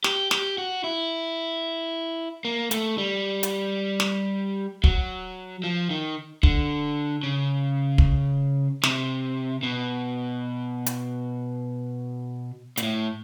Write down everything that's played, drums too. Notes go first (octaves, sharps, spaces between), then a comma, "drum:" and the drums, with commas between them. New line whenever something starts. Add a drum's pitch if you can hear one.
G4, drum: snare
G4, drum: snare
F#4
E4
A#3
A3, drum: hi-hat
G3
drum: hi-hat
drum: snare
F#3, drum: kick
F3
D#3
D3, drum: kick
C#3
drum: kick
C3, drum: snare
B2
drum: hi-hat
A#2, drum: hi-hat
A2